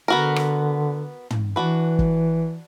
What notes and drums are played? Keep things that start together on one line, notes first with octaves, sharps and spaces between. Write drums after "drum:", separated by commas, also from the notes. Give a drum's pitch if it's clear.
D3 B3 F#4 A#4
drum: rim click
drum: tom
E3 D4 F#4 B4
drum: kick F#1